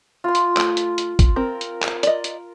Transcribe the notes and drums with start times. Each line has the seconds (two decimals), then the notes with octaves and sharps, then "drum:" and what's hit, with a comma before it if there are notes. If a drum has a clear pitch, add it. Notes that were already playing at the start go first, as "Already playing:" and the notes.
0.24 F4 C6
0.35 drum: hi-hat
0.57 A3, drum: clap
0.77 drum: hi-hat
0.98 drum: hi-hat
1.19 drum: kick, hi-hat
1.36 C4 A#4
1.61 drum: hi-hat
1.82 drum: clap
2.03 D5 D#5, drum: hi-hat
2.24 drum: hi-hat